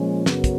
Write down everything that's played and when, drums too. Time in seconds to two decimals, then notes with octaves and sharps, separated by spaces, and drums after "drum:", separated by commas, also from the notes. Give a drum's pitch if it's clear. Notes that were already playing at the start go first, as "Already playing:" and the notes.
Already playing: A#2 F3 G#3 C#4
0.26 F#2 C#3 F#3 B3, drum: snare
0.44 drum: kick, hi-hat